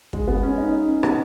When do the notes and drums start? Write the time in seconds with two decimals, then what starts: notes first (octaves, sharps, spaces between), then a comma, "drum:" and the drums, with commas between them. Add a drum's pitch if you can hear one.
0.13 G#3, drum: kick
0.28 B3
0.43 C#4
0.58 D#4
0.72 D#4
0.87 C#4
1.03 B3, drum: rim click